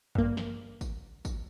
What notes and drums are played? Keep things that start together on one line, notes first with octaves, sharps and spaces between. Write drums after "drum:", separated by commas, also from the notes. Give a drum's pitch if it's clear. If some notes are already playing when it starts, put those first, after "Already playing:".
G2 A#3, drum: kick
drum: snare
drum: kick, tambourine
drum: kick, tambourine